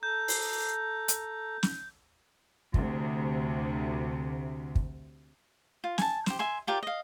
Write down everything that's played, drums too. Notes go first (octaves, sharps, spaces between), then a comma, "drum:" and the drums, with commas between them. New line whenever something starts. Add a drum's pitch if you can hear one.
A4 A#5 G6
drum: open hi-hat
drum: hi-hat
drum: snare
D2 C3, drum: kick
drum: kick
F4
G#5 A5, drum: snare
G4 C5, drum: snare
E5 G#5 C6
F4 G4 A#4 D5
D#5 F5